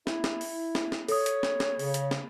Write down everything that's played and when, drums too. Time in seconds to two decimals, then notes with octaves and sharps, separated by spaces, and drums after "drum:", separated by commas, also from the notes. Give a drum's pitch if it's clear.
0.07 E4, drum: snare
0.24 drum: snare
0.41 drum: open hi-hat
0.75 drum: snare
0.92 drum: snare
1.08 A4 C#5 D#6, drum: open hi-hat
1.26 drum: hi-hat
1.43 drum: snare
1.60 drum: snare
1.79 C#3, drum: open hi-hat
1.94 drum: hi-hat
2.11 drum: snare